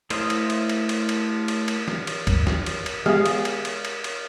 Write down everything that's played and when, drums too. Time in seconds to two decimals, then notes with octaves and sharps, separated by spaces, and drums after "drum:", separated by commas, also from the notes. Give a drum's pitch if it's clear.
0.10 A3 E4 C5 D#5 F5, drum: cymbal
0.30 drum: cymbal
0.50 drum: cymbal
0.69 drum: cymbal
0.89 drum: cymbal
1.09 drum: cymbal
1.48 drum: cymbal
1.68 drum: cymbal
1.88 drum: snare
2.07 drum: cymbal
2.27 drum: kick C#2, cymbal
2.47 drum: snare
2.66 drum: cymbal
2.86 drum: cymbal
3.06 G#3 B3 G4 G#4 F5, drum: snare
3.26 drum: cymbal
3.45 drum: cymbal
3.65 drum: cymbal
3.85 drum: cymbal
4.04 drum: cymbal